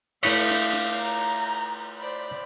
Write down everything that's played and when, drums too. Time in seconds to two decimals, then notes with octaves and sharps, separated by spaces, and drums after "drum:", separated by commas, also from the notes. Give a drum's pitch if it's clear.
0.23 A3 E4 C#5 F5 D6, drum: cymbal
0.51 drum: hi-hat
0.73 drum: hi-hat
1.01 A#5
1.99 C5 D5 B5